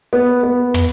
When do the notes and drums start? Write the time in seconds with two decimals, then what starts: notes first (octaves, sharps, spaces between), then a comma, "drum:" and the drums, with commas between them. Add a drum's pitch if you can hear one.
0.13 B3, drum: hi-hat
0.43 B3
0.74 drum: tom